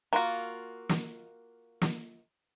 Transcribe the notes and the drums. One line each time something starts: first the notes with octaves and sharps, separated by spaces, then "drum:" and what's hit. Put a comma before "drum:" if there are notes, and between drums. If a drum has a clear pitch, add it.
A#3 F4 F#4 A#4
drum: snare
drum: snare